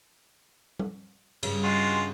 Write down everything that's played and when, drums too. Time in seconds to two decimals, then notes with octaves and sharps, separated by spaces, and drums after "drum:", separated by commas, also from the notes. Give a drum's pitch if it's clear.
0.79 drum: tom
1.43 G2 C#3, drum: cymbal
1.63 G#3 F4 F#4